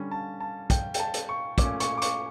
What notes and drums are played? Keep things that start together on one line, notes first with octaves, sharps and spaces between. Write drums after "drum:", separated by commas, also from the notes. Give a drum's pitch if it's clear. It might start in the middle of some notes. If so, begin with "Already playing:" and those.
Already playing: D3 G3 C#4
A5
A5
G5, drum: kick, hi-hat
G5, drum: hi-hat
A5
drum: hi-hat
C#6
A#2 A3 C#4 D6, drum: kick, hi-hat
C#6, drum: hi-hat
D6
C#6, drum: hi-hat